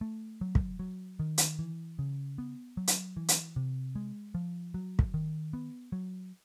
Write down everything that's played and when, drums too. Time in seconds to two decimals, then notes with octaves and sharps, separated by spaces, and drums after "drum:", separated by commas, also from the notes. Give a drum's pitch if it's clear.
0.01 A3
0.41 F#3
0.55 drum: kick
0.79 F#3
1.19 D#3
1.38 drum: hi-hat
1.59 E3
1.99 C#3
2.38 B3
2.77 F#3
2.87 drum: hi-hat
3.17 E3
3.28 drum: hi-hat
3.56 C3
3.95 G#3
4.35 F3
4.74 F#3
4.99 drum: kick
5.14 D#3
5.53 B3
5.92 F#3